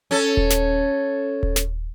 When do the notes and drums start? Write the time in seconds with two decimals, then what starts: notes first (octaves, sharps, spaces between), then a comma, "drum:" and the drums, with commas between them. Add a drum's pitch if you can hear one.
0.11 C#4 A4
0.37 drum: kick D#1
0.50 drum: snare
1.43 drum: kick D#1
1.56 drum: snare